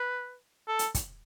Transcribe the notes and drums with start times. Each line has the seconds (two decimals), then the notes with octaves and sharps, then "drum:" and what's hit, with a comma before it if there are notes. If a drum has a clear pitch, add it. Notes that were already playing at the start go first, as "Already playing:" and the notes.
Already playing: B4
0.68 A4
0.79 drum: hi-hat
0.95 drum: kick, hi-hat